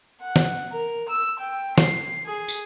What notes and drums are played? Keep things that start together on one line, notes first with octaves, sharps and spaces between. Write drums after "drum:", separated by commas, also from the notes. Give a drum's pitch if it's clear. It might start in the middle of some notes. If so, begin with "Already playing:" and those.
F#5
drum: snare
A#4
E6
G5
C7, drum: snare
G#4
drum: tambourine